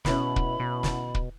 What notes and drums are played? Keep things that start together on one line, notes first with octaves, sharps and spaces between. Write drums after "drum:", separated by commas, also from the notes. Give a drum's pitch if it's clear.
B2 C#4 E4 B4 B5, drum: snare
drum: kick
B2
drum: snare
drum: kick